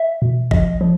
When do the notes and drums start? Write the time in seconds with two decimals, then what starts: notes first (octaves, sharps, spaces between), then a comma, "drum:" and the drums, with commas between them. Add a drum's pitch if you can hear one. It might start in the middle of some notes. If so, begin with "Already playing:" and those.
Already playing: E5
0.22 B2
0.51 F3 D#5, drum: kick G1
0.81 F3